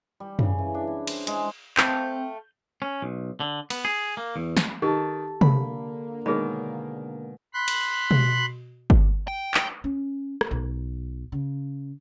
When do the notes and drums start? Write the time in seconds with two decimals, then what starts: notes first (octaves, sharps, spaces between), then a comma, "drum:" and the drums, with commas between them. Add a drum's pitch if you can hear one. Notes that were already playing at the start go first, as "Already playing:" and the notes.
0.20 G3
0.39 C#3, drum: tom F#2
0.58 E3
0.74 D4
0.87 E4
1.07 C5, drum: cymbal
1.27 G#3, drum: hi-hat
1.77 A3 C4 F5 G5 G6, drum: clap
2.82 C#4
3.02 B1
3.40 D3
3.70 B3, drum: cymbal
3.85 G#4
4.17 A#3
4.36 E2
4.57 drum: snare
4.82 D#3 G4 A4 A5
5.41 D3 A#3 B5, drum: tom C3
6.26 B2 D#3 G#3 G#4 A#4 C#5 B5
7.54 B5 C6 F#6
7.68 drum: cymbal
8.11 drum: tom B2
8.90 drum: kick G1
9.28 G5
9.54 drum: clap
9.84 C#4
10.41 drum: rim click
10.51 B1
11.32 C#3